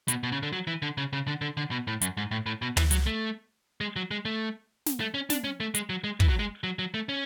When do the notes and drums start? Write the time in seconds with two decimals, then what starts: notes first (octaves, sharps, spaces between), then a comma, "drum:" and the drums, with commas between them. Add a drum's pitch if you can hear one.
0.08 B2, drum: hi-hat
0.23 B2
0.32 C#3
0.43 D3
0.53 F#3
0.67 E3
0.82 D3
0.98 C#3
1.13 C#3
1.28 D3
1.41 D3
1.57 D3
1.71 B2
1.87 A2
2.01 F#2, drum: hi-hat
2.17 G#2
2.31 A2
2.46 A2
2.62 B2
2.77 E3, drum: tom
2.91 F#3, drum: hi-hat
3.07 A3
3.81 G#3
3.96 F#3
4.11 G#3
4.25 A3
4.86 drum: snare
5.00 A3
5.14 C#4
5.30 D4, drum: snare
5.44 C#4
5.60 A3
5.75 G#3, drum: hi-hat
5.90 F#3
6.04 G#3
6.20 E3, drum: kick
6.29 F#3
6.39 G#3
6.64 F#3
6.79 F#3
6.94 A3
7.09 C#4